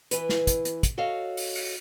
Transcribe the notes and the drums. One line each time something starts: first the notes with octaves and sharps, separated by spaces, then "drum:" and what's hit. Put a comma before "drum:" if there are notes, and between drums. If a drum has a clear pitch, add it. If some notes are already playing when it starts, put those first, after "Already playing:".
E3 B4, drum: hi-hat
drum: snare
drum: kick, hi-hat
drum: hi-hat
drum: kick, hi-hat
F#4 A4 C#5 D#5 F5
drum: open hi-hat
drum: open hi-hat